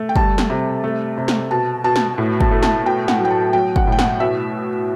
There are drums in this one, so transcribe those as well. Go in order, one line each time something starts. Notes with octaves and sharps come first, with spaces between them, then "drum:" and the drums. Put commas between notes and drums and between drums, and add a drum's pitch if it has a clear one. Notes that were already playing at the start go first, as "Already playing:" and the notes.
Already playing: A3
G5
G3 A5, drum: kick
drum: snare
C3
A3
C3
drum: snare
B2 A5
B2 A5
drum: snare
A2
A5, drum: kick
A3
A5, drum: snare
B2 G5
F#5, drum: snare
F#3
G5
A5
F#3 G5
F#5, drum: kick
A2
G5
F#5, drum: snare
B2 E5